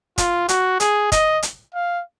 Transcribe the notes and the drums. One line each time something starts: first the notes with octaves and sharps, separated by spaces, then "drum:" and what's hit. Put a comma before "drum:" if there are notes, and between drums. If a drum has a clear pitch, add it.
F4, drum: kick, hi-hat
F#4, drum: hi-hat
G#4, drum: hi-hat
D#5, drum: kick, hi-hat
drum: hi-hat
F5